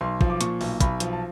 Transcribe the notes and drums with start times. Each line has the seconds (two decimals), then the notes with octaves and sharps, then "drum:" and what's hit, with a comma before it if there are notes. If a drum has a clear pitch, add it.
0.01 B1 C6
0.21 F3, drum: kick
0.30 D6
0.41 A#2 C#6, drum: hi-hat
0.61 B1, drum: open hi-hat
0.81 B1 B5, drum: kick, hi-hat
1.00 F3, drum: hi-hat
1.13 A5